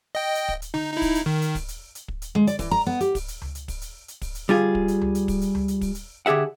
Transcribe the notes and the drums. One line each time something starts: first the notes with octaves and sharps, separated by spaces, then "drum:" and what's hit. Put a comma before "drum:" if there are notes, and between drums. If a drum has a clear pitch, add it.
D#5 G5
drum: hi-hat
drum: kick
drum: hi-hat
D#4, drum: tom D3
D#4 E4
drum: kick, open hi-hat
drum: hi-hat
D#3
drum: hi-hat
drum: kick, open hi-hat
drum: hi-hat
drum: hi-hat
drum: kick
drum: hi-hat
G#3, drum: tom D3
D5, drum: hi-hat
E3, drum: kick, open hi-hat
A#5
B3
G4, drum: hi-hat
drum: kick, open hi-hat
drum: hi-hat
drum: tom C#2
drum: hi-hat
drum: kick, open hi-hat
drum: hi-hat
drum: hi-hat
drum: kick, open hi-hat
drum: hi-hat
G3 F4 G#4, drum: tom D3
drum: kick
drum: hi-hat
drum: tom C#2
drum: hi-hat
drum: kick, open hi-hat
drum: hi-hat
drum: tom C#2
drum: hi-hat
drum: kick, open hi-hat
drum: hi-hat
D3 G4 G#4 E5 F#5